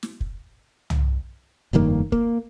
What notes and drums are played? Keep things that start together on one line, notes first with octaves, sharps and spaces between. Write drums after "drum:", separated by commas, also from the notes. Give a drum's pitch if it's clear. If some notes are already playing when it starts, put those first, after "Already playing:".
drum: snare
drum: kick
drum: tom
F1 G2 D#3 A#3
A#3, drum: kick